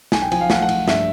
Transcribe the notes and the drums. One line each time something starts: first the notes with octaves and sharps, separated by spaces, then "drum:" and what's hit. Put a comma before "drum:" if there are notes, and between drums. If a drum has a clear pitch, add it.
B1 G#5, drum: snare
G5
F3 G#5, drum: cymbal
F5
A3 F#5, drum: snare
F#5
F3, drum: cymbal
G2 E5, drum: snare